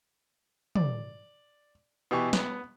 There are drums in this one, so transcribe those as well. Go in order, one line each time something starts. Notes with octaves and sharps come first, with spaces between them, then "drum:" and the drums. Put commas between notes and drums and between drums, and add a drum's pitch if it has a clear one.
D5, drum: tom
B2 E3 G4 C#6
B3, drum: snare